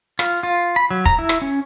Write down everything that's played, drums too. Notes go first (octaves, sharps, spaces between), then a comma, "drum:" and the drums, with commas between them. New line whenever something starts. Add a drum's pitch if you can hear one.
F4, drum: rim click
F4
B5
F#3
A#5, drum: kick F1
E4
drum: rim click
C#4